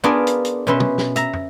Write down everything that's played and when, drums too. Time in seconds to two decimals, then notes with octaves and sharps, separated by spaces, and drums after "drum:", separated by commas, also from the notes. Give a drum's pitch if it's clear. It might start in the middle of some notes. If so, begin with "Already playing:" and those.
0.04 B3 D4 F4 G#4 A#4 D5
0.27 drum: hi-hat
0.45 drum: hi-hat
0.67 B2 C#4 B4 E5 C6
0.80 drum: tom
0.98 drum: snare
1.16 E5 A#5, drum: hi-hat
1.34 drum: tom